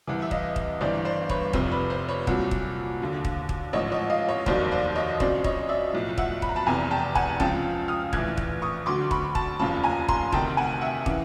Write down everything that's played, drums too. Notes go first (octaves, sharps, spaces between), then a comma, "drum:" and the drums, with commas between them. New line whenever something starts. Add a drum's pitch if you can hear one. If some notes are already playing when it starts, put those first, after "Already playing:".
C2 C3 E3
E5
D#5 F5, drum: kick
drum: kick
G1 G2 E3 C5 D5
C5 D5
B4 C#5, drum: kick
F1 F2 C3 C5, drum: kick
B4
C5
B4 C#5
C2 A#2 F#3, drum: kick
drum: kick
D#2 D3 F#3
drum: kick
drum: kick
A1 G#2 F3 C#5 D#5
C#5 D#5
D#5 F5
C#5 D#5
F1 D#2 D#3 F#3 C5 D5, drum: kick
C5 D5
C#5 D#5
F2 C#3 F#3 C5 D5, drum: kick
C#5 D#5, drum: kick
D5 E5
B1 A2 F3
E5 F#5, drum: kick
B5, drum: kick
A#5
A5 B5
F1 E2 C3 G#5 A#5
G5 A5
F#5 G#5, drum: kick
C#2 C#3 F3 G5 A5, drum: kick
D#6 F6
A#1 A2 E3 F#6 G#6, drum: kick
drum: kick
C#6 D#6
D2 D3 F#3 C6 D6
B5 C#6, drum: kick
A5 B5, drum: kick
F1 D#2 C#3 F3 A5 B5
G#5 A#5
A#5 C6, drum: kick
D2 C3 D#3 G5 A5, drum: kick
F#5 G#5
E5 F#5
C#3 E3, drum: kick